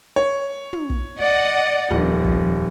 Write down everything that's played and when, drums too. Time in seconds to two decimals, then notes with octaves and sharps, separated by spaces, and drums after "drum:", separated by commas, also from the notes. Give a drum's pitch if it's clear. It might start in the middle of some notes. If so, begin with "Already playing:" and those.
0.16 C#5
0.73 drum: tom
0.90 drum: kick
1.19 D5 D#5 F#5
1.91 D#1 F2, drum: tom
2.24 drum: kick